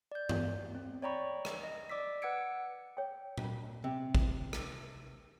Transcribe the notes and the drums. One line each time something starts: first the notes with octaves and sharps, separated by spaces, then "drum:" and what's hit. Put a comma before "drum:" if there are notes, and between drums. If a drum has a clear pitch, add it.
D5 G6
drum: tom G2
C4
C#5 D5 G5 A#5 B5 C#6
drum: rim click
D#5
D5 D6 E6 B6
B4 F#5 E6 G#6 C#7 D7
C#5 G5
drum: tom A#2
C3
drum: kick
drum: rim click